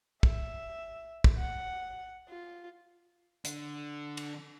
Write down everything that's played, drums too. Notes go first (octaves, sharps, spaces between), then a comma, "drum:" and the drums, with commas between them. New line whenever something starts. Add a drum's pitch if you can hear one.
E5, drum: kick
drum: kick
F#5
F4
D3, drum: hi-hat
drum: cymbal